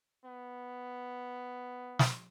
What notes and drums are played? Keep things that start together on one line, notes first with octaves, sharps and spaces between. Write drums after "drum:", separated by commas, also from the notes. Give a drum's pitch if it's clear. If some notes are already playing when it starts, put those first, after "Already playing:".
B3
drum: snare